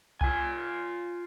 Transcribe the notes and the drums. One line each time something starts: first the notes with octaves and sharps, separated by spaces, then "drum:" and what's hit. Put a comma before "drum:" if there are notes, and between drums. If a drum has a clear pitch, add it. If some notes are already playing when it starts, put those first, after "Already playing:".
F4 G#5, drum: kick C2